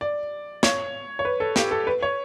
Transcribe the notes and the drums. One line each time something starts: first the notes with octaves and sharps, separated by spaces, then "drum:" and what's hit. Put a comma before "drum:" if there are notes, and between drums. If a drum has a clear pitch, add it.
D5
C#5, drum: snare
C#5
B4
A4
G4, drum: snare
A4
B4
C#5